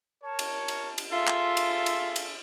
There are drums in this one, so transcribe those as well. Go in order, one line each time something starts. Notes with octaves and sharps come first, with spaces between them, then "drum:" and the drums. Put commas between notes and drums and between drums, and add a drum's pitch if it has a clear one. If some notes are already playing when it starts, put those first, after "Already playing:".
A#4 C#5 A5
drum: cymbal
drum: cymbal
drum: cymbal
F4 G#4 A4 E5 C6
drum: clap
drum: cymbal
drum: cymbal
drum: cymbal